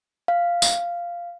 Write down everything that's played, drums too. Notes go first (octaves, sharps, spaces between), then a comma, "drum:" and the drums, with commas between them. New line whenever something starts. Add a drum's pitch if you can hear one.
F5
drum: tambourine